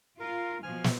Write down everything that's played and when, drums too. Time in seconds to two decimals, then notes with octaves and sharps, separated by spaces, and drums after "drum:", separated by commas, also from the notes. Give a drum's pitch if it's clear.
0.20 F4 A#4
0.63 B2 F3 G#5 F6
0.84 drum: snare